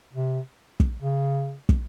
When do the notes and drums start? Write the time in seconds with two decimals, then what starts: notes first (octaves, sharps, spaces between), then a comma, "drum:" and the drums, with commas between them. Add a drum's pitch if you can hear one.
0.13 C3
0.80 drum: kick
1.02 C#3
1.69 drum: kick